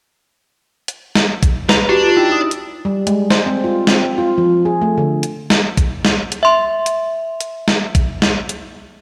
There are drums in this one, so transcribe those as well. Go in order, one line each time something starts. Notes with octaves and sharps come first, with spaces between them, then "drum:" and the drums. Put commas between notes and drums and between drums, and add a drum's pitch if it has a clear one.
drum: hi-hat
drum: snare
drum: kick A#1, hi-hat
B4 A#5, drum: snare
D4 F#4 G4
F4
D#4 E4 G5
D#6
drum: hi-hat
G3
G#3, drum: hi-hat
C5, drum: snare
C4
F4
C4, drum: snare
F4
F3
G#4
A3
D3
drum: hi-hat
drum: snare
drum: kick A#1, hi-hat
drum: snare
drum: hi-hat
E5 C6
drum: hi-hat
drum: hi-hat
drum: snare
drum: kick A#1, hi-hat
drum: snare
drum: hi-hat